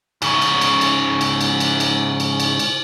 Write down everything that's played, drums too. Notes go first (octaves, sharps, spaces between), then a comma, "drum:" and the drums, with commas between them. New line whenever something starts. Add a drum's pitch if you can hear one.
G#2 C#3, drum: cymbal
drum: cymbal
drum: cymbal
drum: cymbal
drum: cymbal
drum: cymbal
drum: cymbal
drum: cymbal
drum: cymbal
drum: cymbal
drum: cymbal